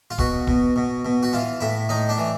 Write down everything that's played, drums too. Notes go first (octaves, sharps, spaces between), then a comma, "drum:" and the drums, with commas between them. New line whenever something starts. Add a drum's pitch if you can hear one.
F4
B2 F#4, drum: kick
B2, drum: kick
B2
B2
F#4
E3 F4
A2 E4
A2 D#4
D4
E3